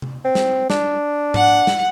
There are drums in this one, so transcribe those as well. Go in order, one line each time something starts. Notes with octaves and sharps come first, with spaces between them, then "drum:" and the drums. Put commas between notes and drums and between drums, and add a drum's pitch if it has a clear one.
drum: tom C3
C4
drum: snare
D4, drum: snare
F#5, drum: tom G#2
drum: snare